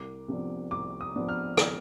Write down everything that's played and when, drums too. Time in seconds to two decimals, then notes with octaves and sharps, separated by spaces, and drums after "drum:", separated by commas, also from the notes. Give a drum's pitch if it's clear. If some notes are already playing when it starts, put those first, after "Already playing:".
Already playing: C2 D6
0.28 C3 F3 B3 D4
0.71 C2 D6
1.01 D#6
1.15 C3 F3 B3 D4
1.29 F6
1.57 drum: rim click